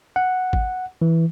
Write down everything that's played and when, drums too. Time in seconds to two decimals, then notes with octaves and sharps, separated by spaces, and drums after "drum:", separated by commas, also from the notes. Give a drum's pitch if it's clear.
0.16 F#5
0.53 drum: kick G#1
1.02 E3